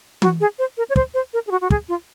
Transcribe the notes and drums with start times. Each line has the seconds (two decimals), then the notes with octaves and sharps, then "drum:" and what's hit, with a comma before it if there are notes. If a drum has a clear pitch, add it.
0.22 F#4, drum: tom E3
0.40 G#4
0.59 C5
0.77 A#4
0.90 C#5
0.96 C5, drum: kick
1.14 C5
1.33 A#4
1.47 G#4
1.51 F#4
1.61 F#4
1.70 G#4, drum: kick
1.89 F4